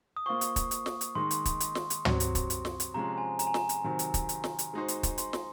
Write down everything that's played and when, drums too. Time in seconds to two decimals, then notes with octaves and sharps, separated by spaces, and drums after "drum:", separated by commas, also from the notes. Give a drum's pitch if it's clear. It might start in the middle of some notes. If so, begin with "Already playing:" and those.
0.17 D#6
0.26 A#3 F4 C5 C#6
0.41 drum: hi-hat
0.56 drum: kick, hi-hat
0.71 drum: hi-hat
0.86 drum: snare
1.01 drum: hi-hat
1.15 D#3 G#3 D#4 C6
1.31 drum: hi-hat
1.45 drum: kick, hi-hat
1.60 drum: hi-hat
1.75 drum: snare
1.90 drum: hi-hat
2.05 C3 F#3 C4 F#4 C#5, drum: tom
2.20 drum: hi-hat
2.35 drum: kick, hi-hat
2.50 drum: hi-hat
2.65 drum: snare
2.80 drum: hi-hat
2.94 C3 F3 G#3 C#4 A#5
3.18 G#5
3.39 A#5, drum: hi-hat
3.47 G#5
3.54 A#5, drum: snare
3.69 drum: hi-hat
3.84 C3 D#3 F#3 C4
3.99 drum: hi-hat
4.14 drum: kick, hi-hat
4.29 drum: hi-hat
4.44 drum: snare
4.59 drum: hi-hat
4.73 G#3 D#4 F#4 C5
4.88 drum: hi-hat
5.03 drum: kick, hi-hat
5.18 C6, drum: hi-hat
5.33 drum: snare